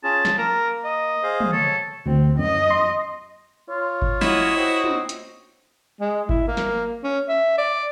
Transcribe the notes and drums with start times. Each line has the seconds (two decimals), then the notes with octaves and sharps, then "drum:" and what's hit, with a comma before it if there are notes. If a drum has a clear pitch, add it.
0.03 C#4 F4 G#4 A5
0.25 drum: snare
0.38 A#3 A#4
0.84 D#5
1.23 G#4 C5 F5
1.40 drum: tom
1.52 A4 C#5
2.06 D2 C4
2.39 F#2 D#5
2.70 C6
3.70 F4 C#5
4.02 drum: kick G1
4.21 C#4 E4 F#4 D#5, drum: snare
4.56 C4 F#4 D#5
4.84 drum: tom
5.09 drum: hi-hat
6.00 G#3
6.29 E4, drum: kick G1
6.47 A#3
6.57 drum: snare
7.03 C#4
7.28 E5
7.58 D5